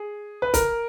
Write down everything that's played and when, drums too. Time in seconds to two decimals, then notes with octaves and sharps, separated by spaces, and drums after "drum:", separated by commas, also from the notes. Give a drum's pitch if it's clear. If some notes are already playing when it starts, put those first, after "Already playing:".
Already playing: G#4
0.42 B4
0.54 A#4, drum: kick, hi-hat